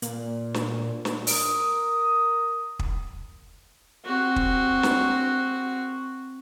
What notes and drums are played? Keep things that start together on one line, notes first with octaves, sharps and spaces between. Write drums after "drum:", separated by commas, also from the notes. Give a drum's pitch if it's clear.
A#2, drum: hi-hat
drum: snare
drum: snare
A#4 D#6, drum: open hi-hat
drum: kick
C4 F#4
drum: kick
drum: snare